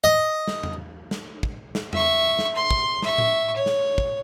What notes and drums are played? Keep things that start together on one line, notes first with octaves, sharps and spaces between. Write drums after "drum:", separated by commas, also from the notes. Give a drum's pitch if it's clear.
D#5
drum: snare
drum: tom E2
drum: snare
drum: kick
drum: snare
E5 C#6, drum: tom E2
drum: snare
C6
drum: kick
E5 C#6, drum: snare
drum: tom A2
C#5
drum: snare
drum: kick